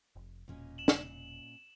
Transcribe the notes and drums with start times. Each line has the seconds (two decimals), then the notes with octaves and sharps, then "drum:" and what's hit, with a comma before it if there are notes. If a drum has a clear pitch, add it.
0.16 F1
0.48 E1 A#2 C#4 D#5
0.78 E7 F#7
0.88 drum: snare